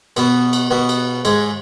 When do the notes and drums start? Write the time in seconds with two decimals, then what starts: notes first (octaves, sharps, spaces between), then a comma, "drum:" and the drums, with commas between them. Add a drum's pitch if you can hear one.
0.16 B2 B3, drum: cymbal
0.53 drum: cymbal
0.70 B2 B3
0.89 drum: cymbal
1.25 G#2 G#3, drum: cymbal